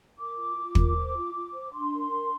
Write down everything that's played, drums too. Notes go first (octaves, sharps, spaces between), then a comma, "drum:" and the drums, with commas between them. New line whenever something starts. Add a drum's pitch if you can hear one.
A#4 D6
F4
F4
A#4, drum: kick
C5
F4
F4
C5
D4 C6
A#4
D4